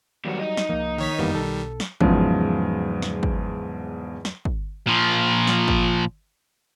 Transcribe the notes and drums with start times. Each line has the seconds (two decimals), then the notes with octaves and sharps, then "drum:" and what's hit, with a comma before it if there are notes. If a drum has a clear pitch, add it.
0.25 D#2 F#3 G3 F#4
0.40 D#4 D#5
0.57 drum: snare
0.69 C2 F3 A#3
0.98 D#3 C#5 B6
1.19 F#1 F2 D#3 E3 G3 A#3 B3
1.35 B1 A4
1.80 drum: snare
2.01 E2 G#2 C#3 F3 F#3, drum: kick
3.02 drum: snare
3.23 drum: kick
4.25 drum: snare
4.45 drum: kick
4.87 A#2 F3
5.47 drum: snare
5.68 drum: kick